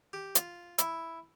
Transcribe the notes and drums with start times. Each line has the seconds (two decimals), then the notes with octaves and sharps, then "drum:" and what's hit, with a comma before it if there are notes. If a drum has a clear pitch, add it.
0.13 G4
0.35 F4, drum: hi-hat
0.78 E4, drum: hi-hat